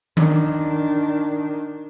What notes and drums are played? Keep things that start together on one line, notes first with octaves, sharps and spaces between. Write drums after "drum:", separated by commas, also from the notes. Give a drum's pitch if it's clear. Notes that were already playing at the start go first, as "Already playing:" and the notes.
D#3 D4, drum: tom D#3